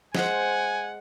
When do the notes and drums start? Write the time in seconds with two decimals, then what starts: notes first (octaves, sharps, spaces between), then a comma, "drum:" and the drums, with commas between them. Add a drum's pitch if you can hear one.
0.15 G#3 C5 F#5 G#5, drum: snare